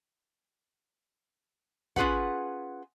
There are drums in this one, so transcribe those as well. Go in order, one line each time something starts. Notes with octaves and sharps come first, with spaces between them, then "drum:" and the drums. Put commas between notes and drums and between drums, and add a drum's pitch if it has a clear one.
C#4 F4 G#4 B4 F#5, drum: kick